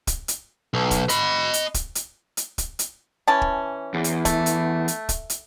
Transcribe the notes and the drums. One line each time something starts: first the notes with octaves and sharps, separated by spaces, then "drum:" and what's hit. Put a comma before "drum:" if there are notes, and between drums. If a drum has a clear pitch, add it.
drum: kick, hi-hat
drum: hi-hat
B1
drum: kick, hi-hat
D#5 B5, drum: hi-hat
drum: hi-hat
drum: kick, hi-hat
drum: hi-hat
drum: hi-hat
drum: kick, hi-hat
drum: hi-hat
E3 C#4 A5
drum: kick
E2
drum: hi-hat
A3, drum: kick, hi-hat
drum: hi-hat
drum: hi-hat
drum: kick, hi-hat
drum: hi-hat